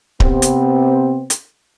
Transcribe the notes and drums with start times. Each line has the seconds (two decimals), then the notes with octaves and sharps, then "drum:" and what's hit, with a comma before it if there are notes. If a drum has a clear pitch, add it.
0.20 C3 B3 C4, drum: kick D1
0.42 drum: hi-hat
1.30 drum: hi-hat